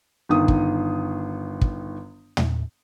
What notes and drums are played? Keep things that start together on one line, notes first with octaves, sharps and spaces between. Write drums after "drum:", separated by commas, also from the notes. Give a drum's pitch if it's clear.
G1 D#3 D#6
drum: kick
drum: kick
drum: tom